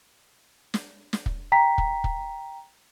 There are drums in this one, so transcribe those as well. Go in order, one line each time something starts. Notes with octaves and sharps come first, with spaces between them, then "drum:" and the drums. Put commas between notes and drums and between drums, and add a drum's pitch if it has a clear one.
drum: snare
drum: snare
drum: kick
G5 A#5 B6
drum: kick
drum: kick